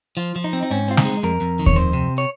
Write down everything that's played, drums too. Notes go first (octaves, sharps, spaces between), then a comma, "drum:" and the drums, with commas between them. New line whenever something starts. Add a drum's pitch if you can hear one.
F3 F4
F3
D#4
C4
D#4
G#2 C#4
C4 F4
D#4, drum: snare
G#3
F2 A#4
F2
D#3
C#5, drum: kick D#2
F2 C5
C3
C#5